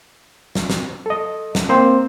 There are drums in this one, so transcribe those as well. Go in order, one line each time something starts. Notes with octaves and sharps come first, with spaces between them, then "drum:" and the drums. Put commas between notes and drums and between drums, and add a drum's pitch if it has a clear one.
drum: snare
drum: snare
A4 D#5
drum: snare
A#3 C4 C5